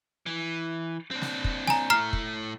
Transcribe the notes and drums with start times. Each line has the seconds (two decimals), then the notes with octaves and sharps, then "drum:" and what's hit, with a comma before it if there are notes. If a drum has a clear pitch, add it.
0.26 E3
1.11 C4 D4
1.22 drum: snare
1.44 drum: kick
1.67 G#5 A#5, drum: snare
1.90 A2 A3 A#5 F6 C7
2.13 drum: kick